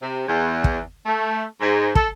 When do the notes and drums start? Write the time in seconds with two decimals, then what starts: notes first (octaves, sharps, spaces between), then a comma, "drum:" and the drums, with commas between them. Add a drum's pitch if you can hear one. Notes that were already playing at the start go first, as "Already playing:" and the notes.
0.02 C3
0.27 E2
0.64 drum: kick
1.06 A3
1.61 G#2
1.95 A4, drum: kick